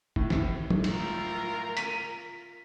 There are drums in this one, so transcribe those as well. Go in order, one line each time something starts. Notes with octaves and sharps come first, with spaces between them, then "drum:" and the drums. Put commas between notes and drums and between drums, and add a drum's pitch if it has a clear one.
A2, drum: kick G#1
drum: snare
drum: tom
F4 A#4, drum: cymbal
B6 D#7, drum: hi-hat